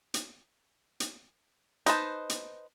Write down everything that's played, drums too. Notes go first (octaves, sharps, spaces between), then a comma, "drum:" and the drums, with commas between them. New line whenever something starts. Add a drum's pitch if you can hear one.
drum: hi-hat
drum: hi-hat
D#4 B4 C5 A5, drum: hi-hat
drum: hi-hat